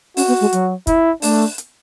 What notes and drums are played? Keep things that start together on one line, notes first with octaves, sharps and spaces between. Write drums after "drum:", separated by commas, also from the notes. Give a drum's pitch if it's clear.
C#4 F#4, drum: open hi-hat
B3
G#3
F#3, drum: hi-hat
E4, drum: kick, hi-hat
A3 D4, drum: open hi-hat
drum: hi-hat